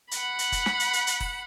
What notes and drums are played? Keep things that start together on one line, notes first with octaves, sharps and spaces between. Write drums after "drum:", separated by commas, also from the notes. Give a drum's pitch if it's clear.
F#5 B5, drum: hi-hat
drum: hi-hat
drum: kick, hi-hat
drum: snare
drum: hi-hat
drum: hi-hat
drum: hi-hat
drum: kick, open hi-hat